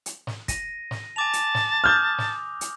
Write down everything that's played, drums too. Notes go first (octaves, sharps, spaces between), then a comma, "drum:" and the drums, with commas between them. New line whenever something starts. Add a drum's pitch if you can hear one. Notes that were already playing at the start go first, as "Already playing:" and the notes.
drum: hi-hat
drum: snare
A#6 D#7, drum: kick, hi-hat
drum: snare
G#5 A5 D6 F7
drum: hi-hat
drum: snare
D6 D#6 F6 G6
drum: snare
drum: hi-hat